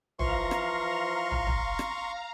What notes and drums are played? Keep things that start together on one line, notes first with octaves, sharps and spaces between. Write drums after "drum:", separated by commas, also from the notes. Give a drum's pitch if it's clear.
E3 F3 F5 A#5 C6 C#6, drum: tom
drum: rim click
drum: tom
drum: tom
drum: rim click